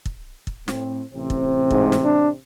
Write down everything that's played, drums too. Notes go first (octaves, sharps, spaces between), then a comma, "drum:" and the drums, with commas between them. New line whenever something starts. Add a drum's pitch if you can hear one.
drum: kick
drum: kick
A2 C4, drum: snare
A1 C3 C4
drum: kick
G#2, drum: kick
drum: snare
D4